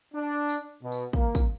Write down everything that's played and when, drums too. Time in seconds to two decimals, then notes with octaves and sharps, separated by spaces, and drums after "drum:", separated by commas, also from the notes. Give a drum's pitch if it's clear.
0.14 D4
0.49 drum: tambourine
0.83 B2
0.92 drum: tambourine
1.13 A#3, drum: kick
1.35 drum: kick, tambourine